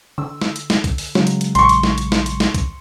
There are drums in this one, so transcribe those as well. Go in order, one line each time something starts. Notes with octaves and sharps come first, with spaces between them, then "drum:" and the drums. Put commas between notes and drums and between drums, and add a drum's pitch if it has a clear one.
D3 E6
drum: snare
drum: hi-hat
drum: snare
drum: kick, hi-hat
drum: open hi-hat
C#3 F#3 G#3, drum: snare
drum: hi-hat
drum: hi-hat
A#1 C6 C#6, drum: hi-hat
drum: hi-hat
drum: snare
drum: hi-hat
drum: snare
drum: hi-hat
drum: snare
drum: kick, hi-hat